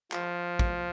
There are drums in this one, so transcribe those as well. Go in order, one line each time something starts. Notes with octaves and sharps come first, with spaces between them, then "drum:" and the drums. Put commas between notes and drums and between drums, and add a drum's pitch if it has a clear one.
F3, drum: clap
drum: kick